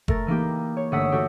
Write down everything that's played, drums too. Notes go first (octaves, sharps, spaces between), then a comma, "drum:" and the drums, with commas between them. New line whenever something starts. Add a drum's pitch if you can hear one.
A3 A#4 A6, drum: kick
E3 A#3 D#4 G4
C#5
G1 A3 F#5 D#6 E6 B6
A3 F#4 G4